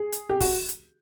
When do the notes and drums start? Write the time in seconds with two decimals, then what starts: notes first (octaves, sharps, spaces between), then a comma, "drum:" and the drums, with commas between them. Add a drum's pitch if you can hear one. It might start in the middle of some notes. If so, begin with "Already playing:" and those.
Already playing: G#4
0.12 drum: hi-hat
0.29 G4
0.40 F#4, drum: kick, open hi-hat
0.68 drum: hi-hat